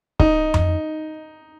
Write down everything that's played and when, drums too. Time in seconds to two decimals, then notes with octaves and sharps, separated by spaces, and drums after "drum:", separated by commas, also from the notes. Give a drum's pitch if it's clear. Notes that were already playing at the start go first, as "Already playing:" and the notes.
0.19 D#4, drum: kick
0.54 drum: tom F2